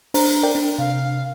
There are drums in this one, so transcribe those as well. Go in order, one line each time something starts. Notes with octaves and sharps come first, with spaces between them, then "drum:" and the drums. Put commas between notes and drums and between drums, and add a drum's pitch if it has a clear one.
D4 C5 A#5, drum: open hi-hat
A#4 D5 G5
D4
C3 F5